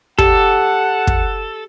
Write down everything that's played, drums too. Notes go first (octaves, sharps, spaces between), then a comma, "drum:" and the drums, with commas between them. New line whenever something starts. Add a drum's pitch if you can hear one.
G4 A4 F#5, drum: kick
drum: kick